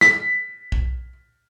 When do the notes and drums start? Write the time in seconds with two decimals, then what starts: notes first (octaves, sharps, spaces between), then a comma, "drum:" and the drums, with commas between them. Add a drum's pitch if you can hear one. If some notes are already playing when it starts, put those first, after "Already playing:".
0.01 B6, drum: snare
0.72 drum: kick B1